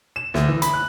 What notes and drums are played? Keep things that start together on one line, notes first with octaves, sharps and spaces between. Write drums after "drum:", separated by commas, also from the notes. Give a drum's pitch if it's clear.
E7
D2, drum: snare
E3
B5, drum: hi-hat
F#6